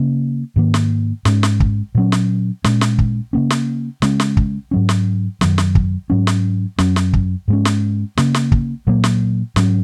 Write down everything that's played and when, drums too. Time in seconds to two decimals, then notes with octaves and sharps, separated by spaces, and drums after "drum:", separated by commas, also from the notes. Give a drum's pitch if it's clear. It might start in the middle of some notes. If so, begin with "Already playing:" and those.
Already playing: C#3 A#3 C#4
0.56 G#2 D#3 A#3
0.74 drum: snare
1.25 G#2 G#3 C#4, drum: snare
1.43 drum: snare
1.60 drum: kick
1.95 A#2 F#3 C#4
2.12 drum: snare
2.64 A#2 G#3 C#4, drum: snare
2.81 drum: snare
2.99 drum: kick
3.33 C#3 A#3 C#4
3.50 drum: snare
4.02 C#3 G#3 C#4, drum: snare
4.20 drum: snare
4.37 drum: kick
4.71 G#2 F#3 C#4
4.89 drum: snare
5.41 F#2 D#3 F#3, drum: snare
5.58 drum: snare
5.75 drum: kick
6.10 G#2 F#3 C#4
6.27 drum: snare
6.78 F#2 F#3 C#4, drum: snare
6.96 drum: snare
7.13 drum: kick
7.48 G#2 G#3 C#4
7.65 drum: snare
8.17 C#3 A#3 C#4, drum: snare
8.34 drum: snare
8.52 drum: kick
8.87 A#2 F#3 A#3
9.04 drum: snare
9.56 G#2 F#3 C#4, drum: snare